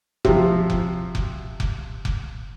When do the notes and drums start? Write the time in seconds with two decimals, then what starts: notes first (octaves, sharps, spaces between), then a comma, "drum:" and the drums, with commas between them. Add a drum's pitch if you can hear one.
0.25 C3 F3, drum: kick F1
0.70 drum: kick F1
1.15 drum: kick F1
1.60 drum: kick F1
2.05 drum: kick F1